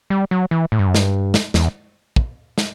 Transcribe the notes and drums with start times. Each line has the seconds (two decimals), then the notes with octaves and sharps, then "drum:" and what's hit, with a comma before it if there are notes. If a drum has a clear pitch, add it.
0.10 G3
0.31 F#3
0.51 E3
0.72 A2
0.79 G2
0.87 F#2
0.95 G2, drum: snare
1.34 drum: snare
1.54 E2, drum: snare
2.16 drum: kick
2.58 drum: snare